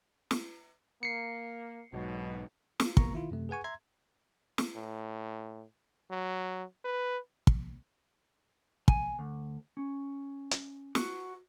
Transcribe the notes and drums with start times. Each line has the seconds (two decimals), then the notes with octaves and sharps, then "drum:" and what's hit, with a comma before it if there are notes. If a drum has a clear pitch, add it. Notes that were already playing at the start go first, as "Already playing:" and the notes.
0.31 drum: snare
1.03 A#3 C7 C#7
1.93 B1 G#2 B2 F#3
2.80 F4, drum: snare
2.97 G1 A#3 B3 A#5 C#6, drum: kick
3.13 D#3 E4 F4
3.31 F#2 C3 A3
3.49 G#4 B4 F#5 G#5 C#6
3.64 E5 A#5 C6 G#6
4.58 drum: snare
4.76 A2
6.11 F#3
6.85 B4
7.47 drum: kick
8.88 G#5, drum: kick
9.19 D2
9.77 C#4
10.51 drum: hi-hat
10.95 F#4, drum: snare